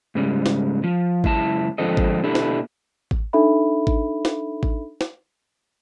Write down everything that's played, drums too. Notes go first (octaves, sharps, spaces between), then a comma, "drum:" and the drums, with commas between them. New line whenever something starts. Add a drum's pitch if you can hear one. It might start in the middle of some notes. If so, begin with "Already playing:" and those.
G#2 C#3 G3
drum: snare
F3
C#2 F#2 E4 A5, drum: kick G#1
G#2 D3 F3 C4 A4 D#5
drum: kick G#1
B2 D4 E4 G4 A4
drum: snare
drum: kick G#1
D4 D#4 A4 E5 B5
drum: kick G#1
drum: snare
drum: kick G#1
drum: snare